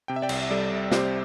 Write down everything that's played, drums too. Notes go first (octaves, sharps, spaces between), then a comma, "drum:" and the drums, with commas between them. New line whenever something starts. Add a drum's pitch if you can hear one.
C3 G5
E5
D5 G5
C2, drum: cymbal
G3 A4 D5
C2
C3 G4 C5, drum: snare